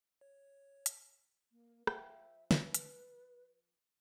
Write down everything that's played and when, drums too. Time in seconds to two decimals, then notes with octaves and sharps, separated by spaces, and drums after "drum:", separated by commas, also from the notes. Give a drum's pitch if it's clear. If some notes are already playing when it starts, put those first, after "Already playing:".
0.21 C#5
0.86 drum: hi-hat
1.52 A#3
1.87 F3 E5 F#5 G5, drum: rim click
2.51 B4, drum: snare
2.74 drum: hi-hat